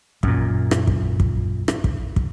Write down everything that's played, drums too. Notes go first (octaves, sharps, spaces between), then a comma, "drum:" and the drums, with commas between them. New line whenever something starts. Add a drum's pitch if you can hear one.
F#2 A#2, drum: kick
drum: rim click
drum: kick
drum: kick
drum: rim click
drum: kick
drum: kick